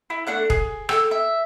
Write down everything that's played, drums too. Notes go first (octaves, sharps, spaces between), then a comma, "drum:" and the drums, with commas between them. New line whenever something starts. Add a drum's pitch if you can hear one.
E4
A3 D4 F#5 F#6
G#4, drum: kick
A4 G5 E6, drum: rim click
E5